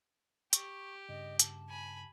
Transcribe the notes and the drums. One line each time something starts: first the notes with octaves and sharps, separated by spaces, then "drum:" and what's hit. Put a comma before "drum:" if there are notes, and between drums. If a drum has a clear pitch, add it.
G4 C#6, drum: hi-hat
G2 C#3 D#5
A5, drum: hi-hat
G#5 B5